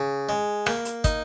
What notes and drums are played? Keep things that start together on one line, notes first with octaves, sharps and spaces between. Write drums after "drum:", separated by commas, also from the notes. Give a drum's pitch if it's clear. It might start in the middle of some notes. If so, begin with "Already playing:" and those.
Already playing: C#3
G#3
A#3, drum: rim click
drum: hi-hat
D#4, drum: kick, hi-hat